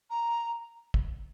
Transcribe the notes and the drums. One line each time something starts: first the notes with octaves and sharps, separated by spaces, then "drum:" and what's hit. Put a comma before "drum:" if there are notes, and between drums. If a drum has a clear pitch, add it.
A#5
drum: kick